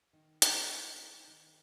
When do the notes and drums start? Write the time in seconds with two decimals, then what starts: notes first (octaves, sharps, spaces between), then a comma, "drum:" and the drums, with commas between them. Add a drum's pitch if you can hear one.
0.13 D#3
0.42 D#4, drum: hi-hat
0.70 D#4
0.98 D#4
1.28 D#3